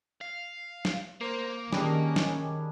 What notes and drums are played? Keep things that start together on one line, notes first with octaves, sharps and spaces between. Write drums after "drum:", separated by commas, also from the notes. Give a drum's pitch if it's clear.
F5
drum: snare
A#3 C5
D#3 G3 C#4 D4 G#4, drum: snare
drum: snare